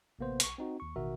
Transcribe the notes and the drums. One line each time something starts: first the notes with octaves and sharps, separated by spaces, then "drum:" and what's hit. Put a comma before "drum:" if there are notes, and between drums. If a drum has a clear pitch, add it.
A1 C3 A#3 B3 C5
B1 C#6, drum: hi-hat
C4 D#4 F#4
D#2 C#6
A1 B2 D#3 F#4 A#4 E5